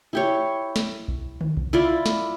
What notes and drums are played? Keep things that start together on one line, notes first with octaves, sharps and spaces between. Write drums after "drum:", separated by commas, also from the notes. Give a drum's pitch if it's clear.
E4 G4 C#5
drum: snare
drum: kick B1
drum: tom D3
drum: kick B1
E4 F4 D5
drum: snare